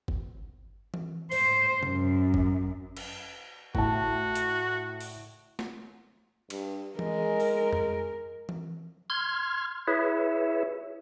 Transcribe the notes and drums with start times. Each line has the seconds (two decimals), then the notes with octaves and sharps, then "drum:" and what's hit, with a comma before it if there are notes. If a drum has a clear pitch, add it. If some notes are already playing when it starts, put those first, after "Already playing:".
0.08 drum: kick G1
0.94 drum: tom E3
1.32 C5, drum: open hi-hat
1.83 F#2, drum: tom C3
2.34 drum: kick G1
2.97 drum: cymbal
3.75 A2 F#4 A5, drum: kick G1
4.35 drum: hi-hat
5.01 drum: open hi-hat
5.59 drum: snare
6.50 G2, drum: cymbal
6.99 G#3 A#4, drum: tom E3
7.40 drum: open hi-hat
7.73 drum: tom F2
8.49 drum: tom E3
9.10 C6 F6 G#6
9.87 E4 G#4 B4 C#5 E5